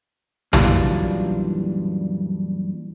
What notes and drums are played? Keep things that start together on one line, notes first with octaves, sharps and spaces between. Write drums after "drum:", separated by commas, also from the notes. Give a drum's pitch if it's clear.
F#2 A#2 E3 G3 D4 F4, drum: tom